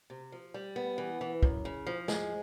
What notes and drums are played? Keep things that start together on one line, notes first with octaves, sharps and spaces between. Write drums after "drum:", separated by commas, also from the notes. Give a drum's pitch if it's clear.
C3
F3
G3
B3
E3
E3
F#2, drum: kick
C#3
F3
G#3, drum: snare